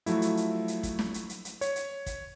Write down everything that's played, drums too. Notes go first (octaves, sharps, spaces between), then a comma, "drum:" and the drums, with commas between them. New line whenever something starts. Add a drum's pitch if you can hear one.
F3 F#3 A3 E4, drum: hi-hat
drum: hi-hat
drum: hi-hat
drum: hi-hat
drum: kick, hi-hat
drum: snare
drum: hi-hat
drum: hi-hat
drum: hi-hat
C#5, drum: hi-hat
drum: hi-hat
drum: kick, hi-hat